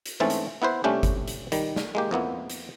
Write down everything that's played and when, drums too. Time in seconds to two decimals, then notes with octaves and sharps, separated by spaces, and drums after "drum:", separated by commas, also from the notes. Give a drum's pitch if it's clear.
0.06 drum: hi-hat
0.20 G#2 E3 A3 C4 C#4 A5
0.30 drum: hi-hat
0.62 B3 E4 B4 C5
0.84 C3 G3 A3 C#4 D4 G4
1.03 drum: kick G1, hi-hat
1.28 drum: hi-hat
1.52 D#3 G3, drum: hi-hat
1.76 drum: snare
1.95 G#3 A#3 G4
2.11 F2 A#3 B3 E4
2.50 drum: hi-hat